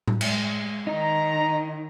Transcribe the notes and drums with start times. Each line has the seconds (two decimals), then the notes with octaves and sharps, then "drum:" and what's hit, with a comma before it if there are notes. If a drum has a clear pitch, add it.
0.08 drum: tom A2
0.21 G#3, drum: cymbal
0.87 D#3 D#4 A#5